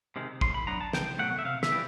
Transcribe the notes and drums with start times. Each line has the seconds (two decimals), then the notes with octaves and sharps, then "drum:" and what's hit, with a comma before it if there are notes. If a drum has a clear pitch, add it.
0.16 C3 D#3 G#3
0.41 A2 C6, drum: kick
0.54 B5
0.67 F#3 B3 D4 A#5
0.81 A5
0.93 C2 G5, drum: snare
1.19 B2 F#3 A3 F#5
1.39 E5
1.45 C3 F5
1.63 E5, drum: snare
1.71 E3 G3